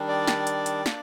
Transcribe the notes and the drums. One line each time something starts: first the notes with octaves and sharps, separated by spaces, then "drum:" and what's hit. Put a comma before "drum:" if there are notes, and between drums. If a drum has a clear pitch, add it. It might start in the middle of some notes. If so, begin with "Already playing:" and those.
Already playing: D#3 G3 D4
D5
drum: snare
drum: hi-hat
drum: hi-hat
A#3 D4, drum: snare